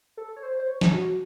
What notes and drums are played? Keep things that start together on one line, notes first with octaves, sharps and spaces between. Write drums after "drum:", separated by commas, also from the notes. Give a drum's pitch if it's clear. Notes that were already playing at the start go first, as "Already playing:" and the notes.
A4
C#5
C5
C5
C#5
drum: snare
F#4